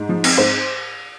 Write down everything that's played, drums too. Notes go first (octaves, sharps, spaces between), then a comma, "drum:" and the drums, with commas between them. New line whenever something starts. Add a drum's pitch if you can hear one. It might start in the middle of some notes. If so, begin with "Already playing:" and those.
Already playing: G#2
F3
C4, drum: cymbal
G#2 C5